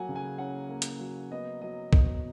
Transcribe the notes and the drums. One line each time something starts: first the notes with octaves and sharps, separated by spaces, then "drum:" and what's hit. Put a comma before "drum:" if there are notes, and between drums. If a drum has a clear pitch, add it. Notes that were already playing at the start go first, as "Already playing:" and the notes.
Already playing: F#3 A#3 F#5 G#5
C#3
G#5
C#4 F#5
A#3
drum: hi-hat
F#3
B3 D#5
F#3 D#5
B2 D#5, drum: kick